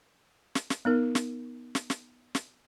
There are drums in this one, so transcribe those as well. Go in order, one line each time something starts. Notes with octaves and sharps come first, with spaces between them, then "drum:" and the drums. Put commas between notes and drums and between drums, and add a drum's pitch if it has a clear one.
drum: snare
drum: snare
B3 D#4 A#4
drum: snare
drum: snare
drum: snare
drum: snare